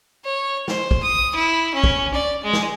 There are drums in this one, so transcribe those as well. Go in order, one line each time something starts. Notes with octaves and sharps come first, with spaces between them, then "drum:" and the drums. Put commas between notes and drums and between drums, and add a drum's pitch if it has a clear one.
C#5
C5, drum: snare
drum: kick
D#6
E4
C#4
drum: kick
D5
G#3
drum: snare